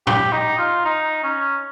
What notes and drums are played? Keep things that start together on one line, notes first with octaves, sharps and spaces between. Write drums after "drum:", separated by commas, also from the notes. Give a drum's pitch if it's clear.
G4, drum: tom A2
D#4
F4
D#4
C#4